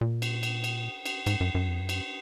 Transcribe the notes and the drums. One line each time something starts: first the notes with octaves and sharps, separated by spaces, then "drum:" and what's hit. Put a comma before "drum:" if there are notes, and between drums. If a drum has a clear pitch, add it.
A#2
drum: cymbal
drum: cymbal
drum: cymbal
drum: cymbal
G#2, drum: cymbal
F#2
F#2
F2
F#2
drum: cymbal